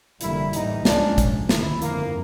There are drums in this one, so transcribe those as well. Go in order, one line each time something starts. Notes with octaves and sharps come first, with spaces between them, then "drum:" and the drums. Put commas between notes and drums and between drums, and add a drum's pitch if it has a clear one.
F1 F2 D3 G3 A#3 E4, drum: hi-hat
A1 A2 E3 G3 A#3 D#4, drum: hi-hat
C#2 C#3 F3 G#3 C#4 D4, drum: snare
B1 A2 F3, drum: kick, hi-hat
D2 C3 D#3 E4, drum: snare
G1 F2 D3 F3 A#3, drum: hi-hat